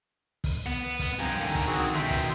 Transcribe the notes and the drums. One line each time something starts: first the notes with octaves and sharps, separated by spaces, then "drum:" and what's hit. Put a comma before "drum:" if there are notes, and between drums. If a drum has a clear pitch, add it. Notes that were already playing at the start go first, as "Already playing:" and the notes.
drum: kick, open hi-hat
B3
drum: kick, open hi-hat
G2 F3 G5 G#5 A#5
D3 D#3
drum: kick, open hi-hat
C4 F#4 G#4
drum: hi-hat
B2 D#3 E5 G5 C6
drum: kick, open hi-hat